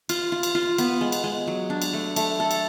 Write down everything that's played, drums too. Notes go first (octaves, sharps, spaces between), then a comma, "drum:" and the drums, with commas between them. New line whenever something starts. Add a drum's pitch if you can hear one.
F4, drum: cymbal
F4
drum: cymbal
F4
B3, drum: cymbal
G#3
drum: cymbal
G#3
F#3
D4
drum: cymbal
A3
A3, drum: cymbal
A4
drum: cymbal